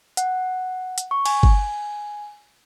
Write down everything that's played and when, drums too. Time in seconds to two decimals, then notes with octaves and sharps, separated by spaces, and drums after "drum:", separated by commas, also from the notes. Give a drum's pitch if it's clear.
0.17 F#5, drum: hi-hat
0.98 drum: hi-hat
1.11 C#6
1.25 G#5, drum: cymbal
1.43 drum: kick G1